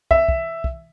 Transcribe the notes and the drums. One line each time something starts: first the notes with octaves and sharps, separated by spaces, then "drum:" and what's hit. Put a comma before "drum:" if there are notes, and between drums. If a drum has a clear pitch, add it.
E5, drum: kick
drum: kick
drum: kick